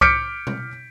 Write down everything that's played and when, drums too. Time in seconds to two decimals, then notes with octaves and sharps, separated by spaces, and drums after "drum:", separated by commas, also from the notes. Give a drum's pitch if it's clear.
0.01 D6 F6 G6 B6 C#7 D7, drum: kick C2
0.47 drum: tom B2